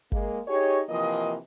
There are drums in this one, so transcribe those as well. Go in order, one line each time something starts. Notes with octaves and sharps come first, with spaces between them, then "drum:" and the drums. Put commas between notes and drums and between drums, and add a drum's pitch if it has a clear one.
G#3 A#3, drum: kick G#1
D#4 G4 G#4 C#5
C3 E3 F3 A#3 D#5